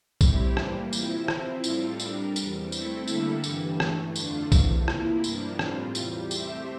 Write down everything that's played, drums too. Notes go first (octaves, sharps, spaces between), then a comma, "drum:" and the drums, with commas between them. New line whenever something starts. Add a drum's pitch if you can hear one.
A2 G3 C4 E4 G4, drum: kick B1, tambourine
C3 E3 G3 A#3, drum: rim click
F3 C4 E4, drum: tambourine
F3 C4 E4, drum: rim click
A2 G3 C4 F4 A4, drum: tambourine
G3 D4 G4 A#4, drum: tambourine
E2 C3 G3, drum: tambourine
A3 C4 E4 A4 E5, drum: tambourine
D3 G3 A#3 E4 A4, drum: tambourine
G2 E3 G3, drum: tambourine
G2 E3 A3, drum: rim click
F2 D3 A3 D4 F4, drum: tambourine
E2 C3 E3 A3, drum: kick B1, tambourine
C3 F3 A#3 E4, drum: rim click
G2 F3 A#3 D4, drum: tambourine
A2 G3 C4 F4, drum: rim click
E2 C3 G3, drum: tambourine
A3 C4 G4 C5 E5, drum: tambourine